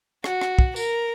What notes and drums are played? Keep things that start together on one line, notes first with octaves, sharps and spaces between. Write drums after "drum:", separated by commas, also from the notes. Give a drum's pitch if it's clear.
F#4, drum: rim click
drum: rim click
drum: kick
A#4, drum: tambourine